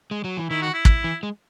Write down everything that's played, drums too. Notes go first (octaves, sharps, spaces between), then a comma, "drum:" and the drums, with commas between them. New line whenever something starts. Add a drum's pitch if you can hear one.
G#3
F#3
E3
D#3 E4
F#4
E4
drum: kick
E3
G#3